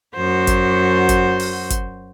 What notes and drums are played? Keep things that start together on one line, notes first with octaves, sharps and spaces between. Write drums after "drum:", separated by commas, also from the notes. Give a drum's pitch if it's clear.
F#2 F#4 C5
drum: kick, hi-hat
drum: kick, hi-hat
drum: open hi-hat
drum: kick, hi-hat